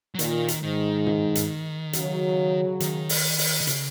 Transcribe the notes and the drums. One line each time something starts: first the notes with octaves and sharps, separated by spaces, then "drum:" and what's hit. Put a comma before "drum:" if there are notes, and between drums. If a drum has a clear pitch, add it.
F#3
A#2 D#3, drum: hi-hat
drum: hi-hat
G#2 D#3
drum: tom
drum: hi-hat
C#3 F#3, drum: hi-hat
D#3, drum: hi-hat
drum: open hi-hat
drum: open hi-hat
D#3
C#3, drum: hi-hat